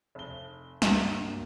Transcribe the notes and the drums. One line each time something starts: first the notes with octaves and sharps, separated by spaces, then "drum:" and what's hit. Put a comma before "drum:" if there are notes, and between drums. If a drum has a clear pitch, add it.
F1 G7
C#2 G2 A#3 F#4, drum: snare